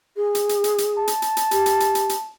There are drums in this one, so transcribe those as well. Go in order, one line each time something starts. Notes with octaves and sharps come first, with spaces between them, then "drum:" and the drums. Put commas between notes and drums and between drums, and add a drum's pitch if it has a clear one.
G#4
drum: hi-hat
drum: hi-hat
drum: hi-hat
drum: hi-hat
A5
drum: hi-hat
drum: hi-hat
drum: hi-hat
G4, drum: hi-hat
drum: hi-hat
drum: hi-hat
drum: hi-hat
drum: hi-hat